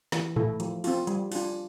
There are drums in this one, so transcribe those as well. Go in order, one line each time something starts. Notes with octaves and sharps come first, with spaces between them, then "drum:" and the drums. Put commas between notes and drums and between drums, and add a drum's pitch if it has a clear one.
E3, drum: snare
A3 E4 A4, drum: tom A2
F3, drum: hi-hat
C4 F4, drum: open hi-hat
G3, drum: hi-hat
D4 F4, drum: open hi-hat